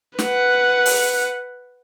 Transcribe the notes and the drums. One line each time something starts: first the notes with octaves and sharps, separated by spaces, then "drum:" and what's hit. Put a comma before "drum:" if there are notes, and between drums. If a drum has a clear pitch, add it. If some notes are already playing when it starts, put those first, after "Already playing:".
B4 F#5, drum: snare
drum: open hi-hat